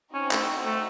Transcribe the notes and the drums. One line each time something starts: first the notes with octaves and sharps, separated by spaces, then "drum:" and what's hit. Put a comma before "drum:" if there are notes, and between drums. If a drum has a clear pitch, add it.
C4 C#4 D#4 F#4
A3, drum: clap
A3